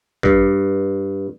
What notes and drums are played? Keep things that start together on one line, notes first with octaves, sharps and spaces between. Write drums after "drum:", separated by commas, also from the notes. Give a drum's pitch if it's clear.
G2, drum: kick A1